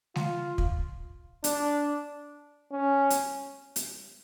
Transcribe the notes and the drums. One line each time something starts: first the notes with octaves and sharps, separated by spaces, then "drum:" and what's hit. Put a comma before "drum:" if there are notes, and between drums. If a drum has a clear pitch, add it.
F4, drum: snare
drum: kick
D4, drum: hi-hat
C#4
drum: hi-hat
drum: hi-hat